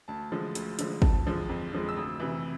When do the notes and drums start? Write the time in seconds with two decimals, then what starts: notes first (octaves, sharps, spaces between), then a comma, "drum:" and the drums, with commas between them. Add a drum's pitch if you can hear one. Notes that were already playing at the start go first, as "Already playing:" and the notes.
0.08 D2 A5
0.32 D3 F3 G#3
0.55 D2, drum: hi-hat
0.79 D3 F3 G#3, drum: hi-hat
1.02 F2 A5, drum: kick
1.26 D3 F3 G#3
1.49 F2
1.73 D3 F3 G#3
1.89 E6
1.97 D2 D#6
2.20 C3 E3